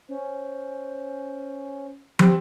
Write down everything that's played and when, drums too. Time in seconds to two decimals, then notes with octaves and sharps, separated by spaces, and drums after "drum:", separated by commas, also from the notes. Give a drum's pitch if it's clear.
0.09 C#4 C5
2.19 G3 C4 G4, drum: tom